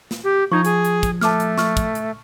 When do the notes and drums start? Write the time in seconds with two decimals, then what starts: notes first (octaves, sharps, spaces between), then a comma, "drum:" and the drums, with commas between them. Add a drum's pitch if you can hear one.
0.11 drum: snare
0.24 G4
0.52 F3 D#4 C#6 G#6
0.65 G#4, drum: hi-hat
0.85 drum: hi-hat
1.03 drum: kick, hi-hat
1.21 A3 A5 D6 F6, drum: snare
1.40 drum: hi-hat
1.58 C#6 F6, drum: snare
1.77 drum: kick, hi-hat
1.95 drum: hi-hat